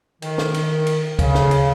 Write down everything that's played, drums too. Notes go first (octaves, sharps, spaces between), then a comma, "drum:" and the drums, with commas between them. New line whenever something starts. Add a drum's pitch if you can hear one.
D#3, drum: cymbal
drum: snare
drum: cymbal
drum: cymbal
C#3, drum: kick, cymbal
drum: snare
drum: cymbal